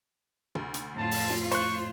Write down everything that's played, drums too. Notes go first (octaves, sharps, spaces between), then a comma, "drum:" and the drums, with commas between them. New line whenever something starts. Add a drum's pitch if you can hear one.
D2, drum: tom
drum: hi-hat
F2 A2 F4 A5
drum: open hi-hat
drum: snare
C5 C#6 F#6, drum: hi-hat